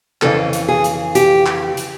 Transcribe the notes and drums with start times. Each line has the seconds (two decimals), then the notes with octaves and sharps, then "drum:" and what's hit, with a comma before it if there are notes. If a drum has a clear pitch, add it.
0.22 F2 C#3 E3 A4, drum: clap
0.53 drum: hi-hat
0.68 G#4
0.84 drum: hi-hat
1.15 G4, drum: hi-hat
1.46 drum: clap
1.77 drum: hi-hat